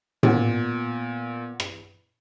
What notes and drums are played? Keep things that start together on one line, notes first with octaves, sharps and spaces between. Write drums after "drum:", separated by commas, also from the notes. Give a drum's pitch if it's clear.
A#2 B3 F#5, drum: tom A2
drum: rim click